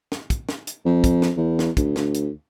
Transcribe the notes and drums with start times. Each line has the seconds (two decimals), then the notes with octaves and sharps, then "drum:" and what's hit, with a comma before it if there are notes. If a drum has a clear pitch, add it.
0.12 drum: snare
0.30 drum: kick, hi-hat
0.49 drum: snare
0.67 drum: hi-hat
0.85 F2
1.04 drum: kick, hi-hat
1.22 drum: snare
1.37 E2
1.59 drum: snare
1.77 D2, drum: kick, hi-hat
1.96 drum: snare
2.14 drum: hi-hat